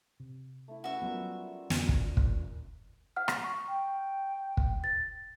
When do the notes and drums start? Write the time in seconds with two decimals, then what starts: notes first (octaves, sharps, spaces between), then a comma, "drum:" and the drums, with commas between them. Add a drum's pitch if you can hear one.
0.20 C3
0.68 A3 E4
0.84 C#4 F#4 B4 E5
1.02 F#3 G3 B3 F4 A#4
1.70 F2 D3 E3, drum: snare
1.89 drum: kick
2.17 drum: kick
3.16 F#5 F6
3.28 drum: rim click
3.44 C#6
3.68 G5
4.57 drum: kick
4.84 A6